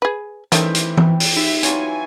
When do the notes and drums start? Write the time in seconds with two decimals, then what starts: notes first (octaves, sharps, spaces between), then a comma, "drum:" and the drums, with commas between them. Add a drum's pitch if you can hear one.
0.02 G#4 B4
0.52 D#3 E3 G3 A3 C4 C#4 G4, drum: hi-hat
0.75 drum: hi-hat
0.97 drum: tom E3
1.20 drum: open hi-hat
1.37 D#4 E5
1.63 E3 F#3 F4 G#5, drum: hi-hat